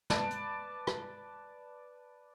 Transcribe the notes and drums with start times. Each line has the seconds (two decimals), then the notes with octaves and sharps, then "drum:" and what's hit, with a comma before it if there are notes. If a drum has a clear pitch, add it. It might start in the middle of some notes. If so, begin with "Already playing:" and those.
0.10 B4 D5 A5, drum: snare
0.30 drum: hi-hat
0.87 drum: rim click